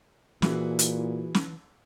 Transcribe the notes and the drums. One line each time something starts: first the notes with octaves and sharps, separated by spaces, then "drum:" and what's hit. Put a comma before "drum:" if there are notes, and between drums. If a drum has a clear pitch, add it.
A#2 E3 E4 F#4 G#4, drum: snare
drum: hi-hat
drum: snare